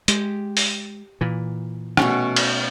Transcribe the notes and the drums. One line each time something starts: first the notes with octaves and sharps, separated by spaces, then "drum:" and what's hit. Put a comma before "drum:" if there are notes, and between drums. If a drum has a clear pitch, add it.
G#3 G4, drum: hi-hat
drum: open hi-hat
A#2 E3
B2 A3 C#4, drum: rim click
drum: cymbal